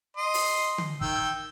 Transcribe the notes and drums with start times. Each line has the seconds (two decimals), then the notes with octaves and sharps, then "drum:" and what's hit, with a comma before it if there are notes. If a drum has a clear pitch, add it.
0.17 D#5 C6
0.34 drum: open hi-hat
0.78 drum: tom D3
1.01 D#3 G5 E6, drum: kick